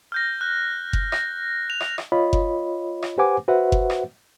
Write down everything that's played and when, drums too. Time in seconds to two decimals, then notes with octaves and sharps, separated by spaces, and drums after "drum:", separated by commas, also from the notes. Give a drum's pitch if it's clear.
0.12 F6 G6 A#6
0.41 F#6
0.93 drum: kick F#1
1.12 A#6, drum: rim click
1.70 F7
1.80 drum: rim click
1.98 drum: rim click
2.12 F4 C#5 D#5 B5
2.33 drum: kick F#1
3.02 drum: rim click
3.18 G4 B4 C5 F#5 G#5 D6
3.48 F#4 B4 C5 E5 F#5
3.72 drum: kick F#1
3.90 drum: rim click